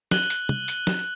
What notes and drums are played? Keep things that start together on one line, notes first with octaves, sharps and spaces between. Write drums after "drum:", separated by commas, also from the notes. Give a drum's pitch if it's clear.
F#6 D#7 F#7 G7, drum: snare
drum: hi-hat
drum: tom
drum: hi-hat
drum: snare